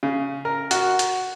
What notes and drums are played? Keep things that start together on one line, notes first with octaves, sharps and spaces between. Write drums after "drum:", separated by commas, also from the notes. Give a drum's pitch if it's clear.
C#3
A#4
F#4, drum: hi-hat
drum: hi-hat